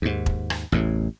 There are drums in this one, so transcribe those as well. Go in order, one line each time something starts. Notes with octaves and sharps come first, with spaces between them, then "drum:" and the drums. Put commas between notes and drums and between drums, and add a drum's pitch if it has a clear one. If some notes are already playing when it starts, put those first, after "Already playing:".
D#2 G#2
drum: kick E1
drum: rim click
A1 E2 A2